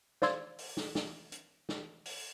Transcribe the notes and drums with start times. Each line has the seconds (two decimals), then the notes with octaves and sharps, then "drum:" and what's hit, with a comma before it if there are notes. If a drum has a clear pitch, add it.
0.22 C5 D5 F5 C6 E6 G#6, drum: snare
0.59 drum: open hi-hat
0.77 drum: snare
0.95 drum: snare
1.32 drum: hi-hat
1.69 drum: snare
2.05 drum: open hi-hat